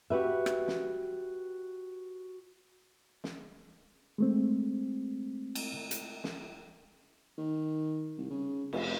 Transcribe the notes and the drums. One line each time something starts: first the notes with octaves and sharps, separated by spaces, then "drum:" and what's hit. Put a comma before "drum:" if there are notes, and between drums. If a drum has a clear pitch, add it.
F#4 G4 B4 E5
drum: rim click
drum: snare
drum: snare
G#3 A3 C4
drum: cymbal
drum: hi-hat
drum: snare
D#3
C2
C#3
F1, drum: cymbal